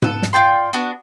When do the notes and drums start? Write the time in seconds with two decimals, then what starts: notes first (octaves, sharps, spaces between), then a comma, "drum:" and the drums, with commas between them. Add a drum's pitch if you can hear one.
0.02 B3 A4, drum: tom G#2
0.22 drum: snare
0.33 F4 D5 G5 C6
0.73 B3 D4 F#4